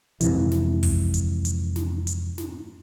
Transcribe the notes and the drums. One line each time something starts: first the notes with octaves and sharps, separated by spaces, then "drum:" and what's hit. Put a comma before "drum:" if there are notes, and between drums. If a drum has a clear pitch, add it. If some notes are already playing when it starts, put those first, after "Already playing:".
F2 G#2 C3 E3, drum: hi-hat
drum: snare
drum: kick, open hi-hat
drum: hi-hat
drum: hi-hat
drum: snare
drum: hi-hat
drum: snare